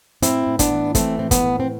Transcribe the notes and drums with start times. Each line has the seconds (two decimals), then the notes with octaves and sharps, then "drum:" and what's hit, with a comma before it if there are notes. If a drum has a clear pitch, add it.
0.22 A2 C4 E4, drum: hi-hat
0.47 A2
0.59 B3 D4, drum: kick, hi-hat
0.71 E3
0.95 E3 A3 C4, drum: kick, hi-hat
1.19 A2 C4
1.31 B3, drum: kick, hi-hat
1.43 A2
1.60 C4